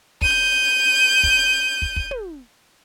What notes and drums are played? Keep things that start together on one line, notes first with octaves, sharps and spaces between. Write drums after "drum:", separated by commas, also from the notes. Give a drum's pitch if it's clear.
G6 D#7, drum: kick
drum: kick
drum: kick
drum: kick
drum: tom